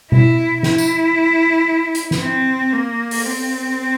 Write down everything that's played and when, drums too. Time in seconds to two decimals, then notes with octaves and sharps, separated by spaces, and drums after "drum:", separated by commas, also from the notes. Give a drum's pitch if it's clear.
0.12 E4, drum: tom B2
0.63 E4, drum: snare
0.78 drum: tambourine
1.95 drum: hi-hat
2.11 drum: snare
2.21 C4
2.73 A#3
3.11 drum: open hi-hat
3.26 C4